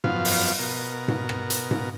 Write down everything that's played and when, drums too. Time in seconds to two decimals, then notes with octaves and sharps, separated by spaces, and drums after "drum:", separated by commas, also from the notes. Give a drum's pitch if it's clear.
0.04 F#2 F3 B3 F5, drum: tom G#2
0.25 drum: open hi-hat
0.59 B2 A#4
1.08 drum: tom G#2
1.29 drum: rim click
1.50 drum: hi-hat
1.71 drum: tom G#2